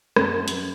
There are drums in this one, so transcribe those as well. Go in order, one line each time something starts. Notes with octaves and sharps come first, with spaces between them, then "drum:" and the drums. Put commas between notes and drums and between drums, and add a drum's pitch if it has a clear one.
F#2, drum: rim click
drum: hi-hat